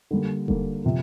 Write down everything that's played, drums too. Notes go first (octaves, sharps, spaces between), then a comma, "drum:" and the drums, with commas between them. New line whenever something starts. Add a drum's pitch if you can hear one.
D3 G3 A#3
D3 G3 A#3, drum: kick E1
C3 F3